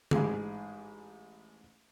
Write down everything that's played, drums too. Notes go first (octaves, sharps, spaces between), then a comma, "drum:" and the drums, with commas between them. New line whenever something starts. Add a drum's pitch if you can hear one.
A1 G#2 G#4, drum: tom